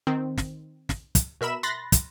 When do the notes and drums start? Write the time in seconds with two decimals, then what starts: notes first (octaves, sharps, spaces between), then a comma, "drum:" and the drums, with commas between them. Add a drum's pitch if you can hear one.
0.07 D#3 C4
0.38 drum: snare
0.89 drum: snare
1.15 drum: kick, hi-hat
1.41 B2 A#4 E5 B5 E7
1.63 B5 C6 F#6 A6 A#6
1.92 drum: kick, hi-hat